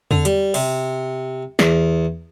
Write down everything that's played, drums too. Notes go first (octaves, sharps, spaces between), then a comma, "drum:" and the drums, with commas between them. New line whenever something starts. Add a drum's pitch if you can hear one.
D3, drum: tom E2
G3, drum: hi-hat
C3, drum: open hi-hat
E2, drum: snare